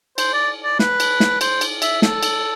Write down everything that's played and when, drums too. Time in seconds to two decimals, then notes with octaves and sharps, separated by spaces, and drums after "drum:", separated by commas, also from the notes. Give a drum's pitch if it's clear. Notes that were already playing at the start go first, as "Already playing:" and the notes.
0.18 C5, drum: cymbal
0.33 D5
0.64 D5
0.79 B4, drum: snare
1.00 drum: cymbal
1.20 drum: snare
1.41 C5, drum: cymbal
1.61 drum: cymbal
1.82 E5, drum: cymbal
2.02 A4, drum: snare
2.23 drum: cymbal